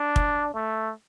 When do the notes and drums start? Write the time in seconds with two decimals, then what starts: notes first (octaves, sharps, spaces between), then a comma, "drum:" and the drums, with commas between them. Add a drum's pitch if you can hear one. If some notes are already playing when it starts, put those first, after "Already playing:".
Already playing: D4
0.16 drum: kick
0.54 A3